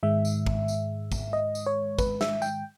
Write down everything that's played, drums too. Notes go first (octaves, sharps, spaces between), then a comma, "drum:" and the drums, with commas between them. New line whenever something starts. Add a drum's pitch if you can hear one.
G#2 D#3 G#3 E5
drum: tambourine
drum: kick
drum: tambourine
drum: kick, tambourine
D#5
drum: tambourine
C#5
B4, drum: kick, tambourine
E5, drum: snare
G5, drum: tambourine